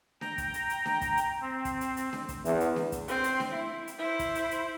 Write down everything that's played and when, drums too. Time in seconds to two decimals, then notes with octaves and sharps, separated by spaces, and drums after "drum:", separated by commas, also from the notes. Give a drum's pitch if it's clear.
0.21 G5 A#5, drum: snare D4
0.38 drum: kick, hi-hat
0.54 drum: hi-hat
0.70 drum: hi-hat
0.86 drum: snare D4
1.01 drum: kick, hi-hat
1.17 drum: hi-hat
1.41 C4
1.65 drum: kick, hi-hat
1.81 drum: hi-hat
1.97 drum: hi-hat
2.13 drum: snare D4
2.29 drum: kick, hi-hat
2.45 E2, drum: hi-hat
2.60 drum: hi-hat
2.76 drum: snare D4
2.92 drum: kick, hi-hat
3.08 C4 C6, drum: hi-hat
3.24 drum: hi-hat
3.40 drum: snare D4
3.52 E4
3.87 drum: hi-hat
3.98 E4 C5
4.19 drum: kick, hi-hat
4.35 drum: hi-hat
4.51 drum: hi-hat